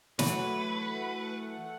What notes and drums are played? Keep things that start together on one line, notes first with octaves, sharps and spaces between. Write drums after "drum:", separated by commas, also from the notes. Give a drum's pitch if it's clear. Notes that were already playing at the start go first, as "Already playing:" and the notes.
E3 F#3 A3 B4 F#5, drum: snare